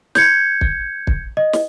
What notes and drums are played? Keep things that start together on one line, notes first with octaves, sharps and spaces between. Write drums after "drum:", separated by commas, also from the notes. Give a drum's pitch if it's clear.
G6 G#6 C#7, drum: snare
drum: kick
drum: kick
D#5
drum: snare